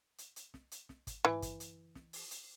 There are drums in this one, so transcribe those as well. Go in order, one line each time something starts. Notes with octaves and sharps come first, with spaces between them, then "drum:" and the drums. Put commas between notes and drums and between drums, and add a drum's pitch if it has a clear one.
drum: hi-hat
drum: hi-hat
drum: snare
drum: hi-hat
drum: snare
drum: kick, hi-hat
E3, drum: tom
drum: kick, hi-hat
drum: hi-hat
drum: snare
drum: open hi-hat
drum: hi-hat